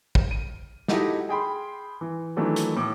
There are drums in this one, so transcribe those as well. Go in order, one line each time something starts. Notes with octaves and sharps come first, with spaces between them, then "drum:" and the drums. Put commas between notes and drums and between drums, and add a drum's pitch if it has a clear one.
drum: kick
D#7
D#4 E4 F#4 G4 A4 D#5, drum: snare
G#4 G5 B5 C6
E3
D#3 E3 F#3 A3 D4 E4
drum: hi-hat
A2 D6